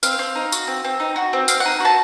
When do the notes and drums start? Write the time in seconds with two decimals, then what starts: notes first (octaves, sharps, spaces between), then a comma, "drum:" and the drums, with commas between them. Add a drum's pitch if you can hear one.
0.03 C4 F5, drum: tambourine
0.19 C4
0.35 D#4
0.52 F#4, drum: tambourine
0.68 C4
0.85 C4
1.00 D#4
1.16 F#4
1.33 C4
1.48 C4 F5, drum: tambourine
1.60 D#4 F#5
1.80 F#4 A5